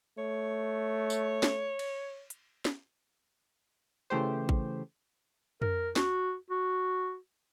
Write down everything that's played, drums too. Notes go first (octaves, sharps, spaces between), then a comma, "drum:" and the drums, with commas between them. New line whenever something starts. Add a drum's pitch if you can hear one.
A3 C#5
drum: tambourine
drum: snare
drum: cymbal
drum: hi-hat
drum: snare
C#3 E3 A3 G4 C5
drum: kick A1
A#4, drum: tom F2
F#4, drum: snare
F#4